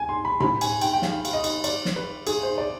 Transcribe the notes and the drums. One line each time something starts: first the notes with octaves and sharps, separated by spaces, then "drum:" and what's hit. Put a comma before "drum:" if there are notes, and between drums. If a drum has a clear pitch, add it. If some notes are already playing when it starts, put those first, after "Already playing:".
Already playing: G#5
C6
B5
B5, drum: tom A2
G#5, drum: cymbal
G5, drum: cymbal
G5
F5, drum: snare
F5, drum: cymbal
D#5
drum: cymbal
D5, drum: cymbal
drum: snare
B4
G#4, drum: cymbal
C5
D5